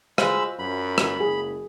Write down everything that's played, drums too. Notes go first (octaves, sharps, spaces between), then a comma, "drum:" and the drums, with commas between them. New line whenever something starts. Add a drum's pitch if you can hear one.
G#3 F4 F#4 C5 B5 E6, drum: rim click
F#2 B5
drum: rim click
F#1 G#4